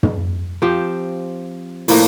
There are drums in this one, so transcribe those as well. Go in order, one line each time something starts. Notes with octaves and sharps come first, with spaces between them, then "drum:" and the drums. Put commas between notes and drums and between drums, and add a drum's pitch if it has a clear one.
drum: tom
F3 C4 G4
A2 F3 A#3 D4, drum: open hi-hat